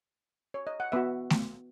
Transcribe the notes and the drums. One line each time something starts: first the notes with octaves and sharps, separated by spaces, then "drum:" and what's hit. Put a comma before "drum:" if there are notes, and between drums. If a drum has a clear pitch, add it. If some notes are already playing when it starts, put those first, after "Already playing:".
C#5
D#5
F#5
B3 F#4 E5
drum: snare A3